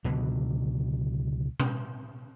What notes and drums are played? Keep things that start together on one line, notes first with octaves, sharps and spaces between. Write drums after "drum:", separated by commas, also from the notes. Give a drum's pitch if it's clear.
C#2 B2 D3 F#3
drum: tom B2